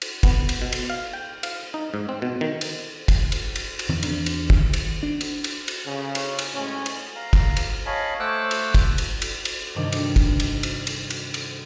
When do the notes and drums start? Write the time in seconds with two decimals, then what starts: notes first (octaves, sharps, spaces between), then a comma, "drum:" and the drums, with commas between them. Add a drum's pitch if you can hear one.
0.02 drum: cymbal
0.23 B3, drum: kick, cymbal
0.49 drum: cymbal
0.62 B2
0.72 drum: cymbal
0.90 F5
1.13 G5
1.43 F5, drum: cymbal
1.74 D#4
1.94 G#2
2.09 C4
2.22 B2
2.41 D#3
2.61 drum: cymbal
3.08 drum: kick, cymbal
3.32 drum: cymbal
3.56 drum: cymbal
3.79 drum: cymbal
3.89 E2 D#3 E3 C4
4.03 E2 D4, drum: cymbal
4.26 drum: cymbal
4.50 drum: kick
4.60 D#3
4.73 drum: cymbal
5.03 D4
5.21 drum: cymbal
5.44 drum: cymbal
5.68 drum: cymbal
5.85 C#3
6.15 drum: cymbal
6.39 drum: cymbal
6.53 A2 G#3 C#4
6.86 drum: cymbal
7.16 F5 A#5
7.33 drum: kick, cymbal
7.57 drum: cymbal
7.86 C#5 D#5 F5 G#5 A5 B5
8.20 A3 C5 F#5 D6 E6 F#6
8.51 drum: cymbal
8.75 drum: kick, cymbal
8.98 drum: cymbal
9.22 drum: cymbal
9.45 drum: cymbal
9.74 G2 C3 D#3 G3 D4 D#4
9.92 drum: cymbal
10.16 drum: kick, cymbal
10.40 drum: cymbal
10.63 drum: cymbal
10.87 drum: cymbal
11.10 drum: cymbal
11.34 drum: cymbal